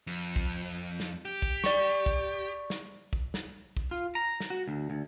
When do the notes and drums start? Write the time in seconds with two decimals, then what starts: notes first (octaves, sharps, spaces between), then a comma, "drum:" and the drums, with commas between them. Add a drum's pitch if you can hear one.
0.07 F2
0.36 drum: kick
1.00 drum: snare
1.25 G4
1.42 drum: kick
1.64 D5 C#6, drum: snare
2.06 drum: kick
2.70 drum: snare
3.13 drum: kick
3.34 drum: snare
3.77 drum: kick
3.91 F4
4.15 A#5
4.40 drum: snare
4.50 F#4
4.68 D2
4.90 D2